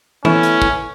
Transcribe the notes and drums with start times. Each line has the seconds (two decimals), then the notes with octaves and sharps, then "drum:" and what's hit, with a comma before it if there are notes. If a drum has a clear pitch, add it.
0.25 A3 B3 C#4 E4, drum: tom E3
0.43 drum: hi-hat
0.62 drum: kick